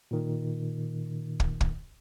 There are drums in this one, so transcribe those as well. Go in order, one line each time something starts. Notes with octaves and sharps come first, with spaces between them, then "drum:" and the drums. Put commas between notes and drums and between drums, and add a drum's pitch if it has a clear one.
A#2 D#3
drum: kick
drum: kick